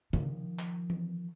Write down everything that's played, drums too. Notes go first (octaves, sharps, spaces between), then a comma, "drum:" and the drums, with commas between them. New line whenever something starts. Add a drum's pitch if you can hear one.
D#3 F3, drum: tom C#3
drum: clap
drum: tom E3